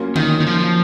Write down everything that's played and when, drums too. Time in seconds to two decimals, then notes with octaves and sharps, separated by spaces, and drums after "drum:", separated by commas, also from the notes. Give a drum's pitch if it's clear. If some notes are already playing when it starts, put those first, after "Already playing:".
Already playing: F#3 A#3 C#4 F4
0.16 D#3, drum: tom D3
0.40 D#3
0.46 F3